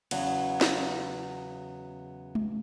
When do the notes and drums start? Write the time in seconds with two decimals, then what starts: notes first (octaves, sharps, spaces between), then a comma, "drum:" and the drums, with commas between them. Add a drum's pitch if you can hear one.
0.11 E2 C#3 F#3 B3, drum: cymbal
0.61 drum: snare
2.35 drum: tom G#3